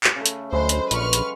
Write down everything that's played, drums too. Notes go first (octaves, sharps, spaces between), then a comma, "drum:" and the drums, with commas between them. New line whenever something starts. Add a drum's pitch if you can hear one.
drum: clap
C#3 A3
drum: hi-hat
D2 F#3 G#3 C5 B5
drum: hi-hat
A#1 B4 C#6 F6, drum: hi-hat
drum: hi-hat